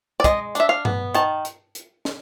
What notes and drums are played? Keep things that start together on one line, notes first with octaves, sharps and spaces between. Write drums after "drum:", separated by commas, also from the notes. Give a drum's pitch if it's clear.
D5
G#3 D#5, drum: kick, hi-hat
D4 E5, drum: hi-hat
F5
B3, drum: tom G2
D#3 A5, drum: hi-hat
drum: hi-hat
drum: hi-hat
drum: snare